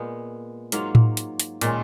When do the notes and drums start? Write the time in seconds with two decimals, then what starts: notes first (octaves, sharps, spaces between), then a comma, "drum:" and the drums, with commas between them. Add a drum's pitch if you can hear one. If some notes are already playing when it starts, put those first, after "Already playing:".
Already playing: A#2 G#3 B3
0.72 G#2 F#3 A#3 F4, drum: hi-hat
0.95 drum: tom A2
1.17 drum: hi-hat
1.40 drum: hi-hat
1.61 A#2 D#3 G#3 C#4, drum: hi-hat